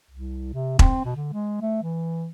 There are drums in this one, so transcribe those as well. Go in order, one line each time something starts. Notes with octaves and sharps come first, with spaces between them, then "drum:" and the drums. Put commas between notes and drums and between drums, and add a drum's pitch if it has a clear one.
C2
C3
C4, drum: kick E1
B2
D3
G#3
A3
E3